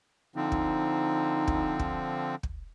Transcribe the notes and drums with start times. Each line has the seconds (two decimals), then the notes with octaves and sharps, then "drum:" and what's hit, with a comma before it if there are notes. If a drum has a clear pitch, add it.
0.36 D3 F3 C4 D#4
0.52 drum: kick
1.47 drum: kick
1.79 drum: kick
2.43 drum: kick